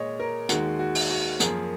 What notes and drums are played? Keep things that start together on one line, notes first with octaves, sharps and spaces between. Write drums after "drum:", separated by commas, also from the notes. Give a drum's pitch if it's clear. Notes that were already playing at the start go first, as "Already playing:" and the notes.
Already playing: A#2 G#3 C#5 D#5
A#4
D#2 D#3 G#3 F#4, drum: hi-hat
F#4
drum: open hi-hat
F#4
F#2 F3 A#3 G#4, drum: hi-hat